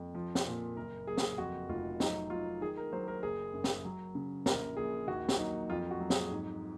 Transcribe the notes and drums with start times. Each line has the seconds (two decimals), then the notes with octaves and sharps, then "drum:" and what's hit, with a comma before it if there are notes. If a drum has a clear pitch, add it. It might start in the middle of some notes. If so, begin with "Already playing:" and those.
Already playing: F2
0.14 F3
0.35 drum: snare
0.46 A#2
0.76 F#1 A#4
1.07 F#1 G#4
1.18 drum: snare
1.38 F2 F#4
1.69 F1 F4
2.00 F#3 D#4, drum: snare
2.30 F#3 F4
2.61 D#3 G#4
2.77 A#4
2.93 F#3 C5
3.08 A#4
3.23 F#1 G#4
3.53 F#2
3.64 drum: snare
3.85 F#3
4.15 C#3
4.46 A#1 A#4, drum: snare
4.77 A#1 G#4
5.08 D#2 F#4
5.29 drum: snare
5.38 F#3 D#4
5.70 F2 F4
5.91 F#4
6.00 F#3
6.10 G#4, drum: snare
6.31 G#2